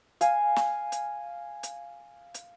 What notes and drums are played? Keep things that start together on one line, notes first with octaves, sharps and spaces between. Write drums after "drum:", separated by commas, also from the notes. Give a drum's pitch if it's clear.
F5 G#5, drum: hi-hat
drum: snare
drum: hi-hat
drum: hi-hat
drum: hi-hat